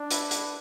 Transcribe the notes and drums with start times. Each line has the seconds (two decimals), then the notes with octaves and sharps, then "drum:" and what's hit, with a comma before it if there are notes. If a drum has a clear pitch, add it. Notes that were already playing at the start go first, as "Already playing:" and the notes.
Already playing: D4
0.11 E4 B4 E5, drum: hi-hat
0.31 drum: hi-hat